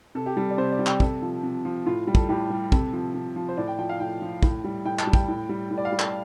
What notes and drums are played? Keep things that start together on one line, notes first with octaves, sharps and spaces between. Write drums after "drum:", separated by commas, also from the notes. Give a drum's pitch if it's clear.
C3 A4
G4
G3 A4
D5
C3 C5
D5
G3
G5, drum: clap
C3 A4, drum: kick
F3
C3
F3
A2 F4
G3
A4, drum: kick
A2 G4
G3
C3 A4, drum: kick
F3
C3
F3
C5
A2 D5
G5
F3 G5
F5
A2 G5
F3
A2, drum: kick
G3
A2 G5
A5, drum: clap
G3
G5, drum: kick
A2
G3
A2
D5
F5
G3
A5, drum: clap